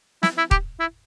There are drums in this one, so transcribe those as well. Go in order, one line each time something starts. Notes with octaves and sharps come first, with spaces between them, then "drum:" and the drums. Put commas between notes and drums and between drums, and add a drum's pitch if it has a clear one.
E4, drum: snare
E4
G4, drum: kick D#1
E4